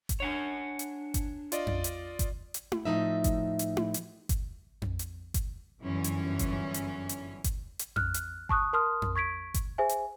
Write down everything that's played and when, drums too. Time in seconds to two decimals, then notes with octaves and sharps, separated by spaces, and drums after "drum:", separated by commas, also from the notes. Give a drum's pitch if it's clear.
0.09 drum: kick G1, hi-hat
0.20 D4 C#5 F#5 G#5
0.79 drum: hi-hat
1.14 drum: kick G1, hi-hat
1.52 F4 D5 D#5, drum: hi-hat
1.67 drum: tom F2
1.84 drum: hi-hat
2.19 drum: kick G1, hi-hat
2.54 drum: hi-hat
2.72 drum: tom E4
2.85 A2 F3 F#3 D#4 E5
3.24 drum: kick G1, hi-hat
3.59 drum: hi-hat
3.77 drum: tom E4
3.94 drum: hi-hat
4.29 drum: kick G1, hi-hat
4.82 drum: tom F2
4.99 drum: hi-hat
5.34 drum: kick G1, hi-hat
5.82 G1 F#2 E3 C#4
6.04 drum: hi-hat
6.39 drum: kick G1, hi-hat
6.74 drum: hi-hat
7.09 drum: hi-hat
7.44 drum: kick G1, hi-hat
7.79 drum: hi-hat
7.96 F6 F#6, drum: tom F2
8.14 drum: hi-hat
8.49 A5 C#6 D#6 F#6, drum: kick G1
8.73 A#4 A5 C6 D#6 F6
9.02 drum: tom F2
9.15 C#6 G#6 B6 D7
9.54 drum: kick G1, hi-hat
9.78 G#4 C5 E5 G#5
9.89 drum: hi-hat